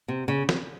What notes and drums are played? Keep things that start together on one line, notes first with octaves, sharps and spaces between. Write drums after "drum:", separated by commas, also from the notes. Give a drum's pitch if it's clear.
C3
C#3
drum: snare